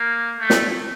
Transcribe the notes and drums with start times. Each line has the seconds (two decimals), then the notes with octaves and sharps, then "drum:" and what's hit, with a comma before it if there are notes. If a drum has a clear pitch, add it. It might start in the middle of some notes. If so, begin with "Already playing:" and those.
Already playing: A#3
0.40 A3
0.50 drum: snare